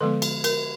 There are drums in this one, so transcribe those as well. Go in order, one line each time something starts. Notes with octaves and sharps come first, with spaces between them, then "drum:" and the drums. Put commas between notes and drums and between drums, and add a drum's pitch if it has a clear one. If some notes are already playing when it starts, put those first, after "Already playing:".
D3 F3 G#3 B3 A4
drum: cymbal
A#4, drum: cymbal